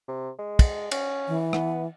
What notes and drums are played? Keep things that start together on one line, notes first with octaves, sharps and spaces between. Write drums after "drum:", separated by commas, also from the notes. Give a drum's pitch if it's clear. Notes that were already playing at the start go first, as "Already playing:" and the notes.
C3
G#3
drum: kick, cymbal
C#4, drum: cymbal
E3
B3, drum: rim click